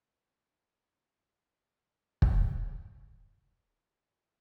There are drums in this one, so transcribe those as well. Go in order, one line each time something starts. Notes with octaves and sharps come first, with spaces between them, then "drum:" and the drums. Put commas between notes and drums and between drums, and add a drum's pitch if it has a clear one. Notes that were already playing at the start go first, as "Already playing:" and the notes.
Already playing: C3
G3
A3
D#3
drum: kick
D3
A2